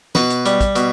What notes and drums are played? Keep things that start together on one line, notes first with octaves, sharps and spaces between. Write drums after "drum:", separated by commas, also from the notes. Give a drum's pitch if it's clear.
B2 B4, drum: snare
drum: hi-hat
G3, drum: hi-hat
drum: kick, hi-hat
B2, drum: hi-hat